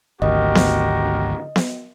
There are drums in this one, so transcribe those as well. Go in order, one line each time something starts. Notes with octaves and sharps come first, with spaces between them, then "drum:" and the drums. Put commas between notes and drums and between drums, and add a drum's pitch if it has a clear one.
G#1 D2 F#4 G4 A#4 D#5
drum: snare B3
drum: snare B3